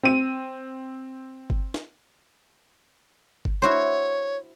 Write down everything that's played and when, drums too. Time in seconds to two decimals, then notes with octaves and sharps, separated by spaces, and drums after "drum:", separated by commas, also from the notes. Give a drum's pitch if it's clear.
0.03 C4 D#7
1.50 drum: kick G1
1.74 drum: snare
3.45 drum: kick G1
3.62 E4 F#4 C5 C#5